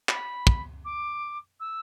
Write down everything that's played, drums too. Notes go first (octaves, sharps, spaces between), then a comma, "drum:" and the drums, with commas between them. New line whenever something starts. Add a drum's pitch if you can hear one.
B5, drum: clap
drum: kick
D6
E6